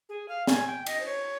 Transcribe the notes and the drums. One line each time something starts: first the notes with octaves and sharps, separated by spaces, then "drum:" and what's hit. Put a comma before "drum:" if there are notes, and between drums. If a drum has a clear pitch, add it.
G#4
F5
G#5, drum: snare
G5
D#5, drum: cymbal
C5
C#5